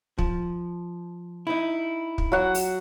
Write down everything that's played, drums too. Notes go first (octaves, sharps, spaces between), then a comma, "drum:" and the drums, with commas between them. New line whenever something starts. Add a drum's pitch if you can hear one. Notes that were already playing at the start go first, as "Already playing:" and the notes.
F3, drum: kick
D#4 E4
drum: kick
F#3 F#5
drum: open hi-hat